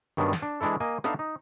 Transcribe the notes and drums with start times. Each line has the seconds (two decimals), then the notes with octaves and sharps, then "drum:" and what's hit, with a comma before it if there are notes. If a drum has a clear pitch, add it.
0.17 G2 D#3 F#3 B3 C#4 D4
0.33 drum: snare
0.42 D4
0.61 E3 G#3 D4 E4 A4
0.80 A#3 D#5 G#5
1.04 B3 D4 D#4 A4 E5 F5, drum: rim click
1.19 D#4